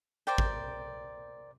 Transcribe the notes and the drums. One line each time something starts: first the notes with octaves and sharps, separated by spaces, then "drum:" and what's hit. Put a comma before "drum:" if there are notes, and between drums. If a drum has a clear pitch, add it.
A#4 C5 D5 G5
drum: kick G#1